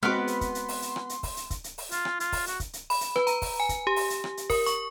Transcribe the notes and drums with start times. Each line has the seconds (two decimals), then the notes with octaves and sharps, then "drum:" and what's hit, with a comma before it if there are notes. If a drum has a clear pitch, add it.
0.03 G#3 B3 C4 F#4 B4 C6 D6 F6
0.27 drum: hi-hat
0.41 drum: kick, hi-hat
0.55 drum: hi-hat
0.68 drum: open hi-hat
0.82 drum: hi-hat
0.96 drum: rim click
1.09 drum: hi-hat
1.23 drum: kick, open hi-hat
1.37 drum: hi-hat
1.50 drum: kick, hi-hat
1.64 drum: hi-hat
1.78 drum: open hi-hat
1.91 F4, drum: hi-hat
2.05 drum: rim click
2.20 F4, drum: hi-hat
2.32 drum: kick, open hi-hat
2.47 F#4, drum: hi-hat
2.60 drum: kick, hi-hat
2.73 drum: hi-hat
2.90 B5, drum: open hi-hat
3.01 drum: hi-hat
3.16 B4, drum: rim click
3.27 A#5, drum: hi-hat
3.42 drum: kick, open hi-hat
3.60 G#5
3.69 drum: kick, hi-hat
3.87 G4
3.96 drum: open hi-hat
4.10 drum: hi-hat
4.24 drum: rim click
4.37 drum: hi-hat
4.50 A#4, drum: kick, open hi-hat
4.66 C#6, drum: hi-hat